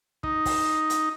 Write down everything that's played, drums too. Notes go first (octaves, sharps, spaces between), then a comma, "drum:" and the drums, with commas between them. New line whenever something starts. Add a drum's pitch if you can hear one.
D#4, drum: kick
drum: kick, open hi-hat
drum: hi-hat